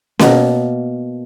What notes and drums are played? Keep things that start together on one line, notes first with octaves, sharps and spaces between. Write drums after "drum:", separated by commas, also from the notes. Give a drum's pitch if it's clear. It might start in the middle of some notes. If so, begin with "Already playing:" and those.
B2 A#3, drum: snare C#4